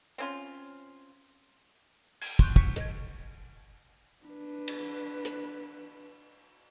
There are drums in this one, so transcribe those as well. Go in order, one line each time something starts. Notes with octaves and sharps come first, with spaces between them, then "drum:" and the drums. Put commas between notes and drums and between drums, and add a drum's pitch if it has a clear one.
C4 C#4 F4
G#6, drum: cymbal
C6 C#6 F#6 G6, drum: kick
C#6 G6 B6 C#7, drum: kick
D#5 G#6, drum: hi-hat
D4 B4
drum: cymbal
drum: hi-hat